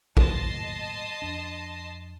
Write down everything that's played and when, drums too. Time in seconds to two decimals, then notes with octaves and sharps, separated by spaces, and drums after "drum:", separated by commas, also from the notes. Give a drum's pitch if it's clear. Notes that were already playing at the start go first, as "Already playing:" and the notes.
0.17 A2 F#3 A#3 D#5 A5 C6, drum: kick
1.22 F2 D4